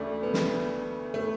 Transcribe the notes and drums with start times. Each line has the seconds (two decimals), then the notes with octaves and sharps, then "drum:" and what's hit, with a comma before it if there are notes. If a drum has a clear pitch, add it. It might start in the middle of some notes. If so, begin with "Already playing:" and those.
Already playing: D2 C#3 E3 A3 D4
0.23 B3
0.34 drum: snare
1.14 A3